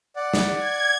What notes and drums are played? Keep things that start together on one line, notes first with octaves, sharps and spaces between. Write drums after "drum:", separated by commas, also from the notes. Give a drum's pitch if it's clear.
D5 F#5
drum: snare
G#6